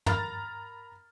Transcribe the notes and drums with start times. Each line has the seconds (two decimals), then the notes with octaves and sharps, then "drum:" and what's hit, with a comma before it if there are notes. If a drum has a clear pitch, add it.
0.06 A#4 A#5 B5 F6 A6, drum: tom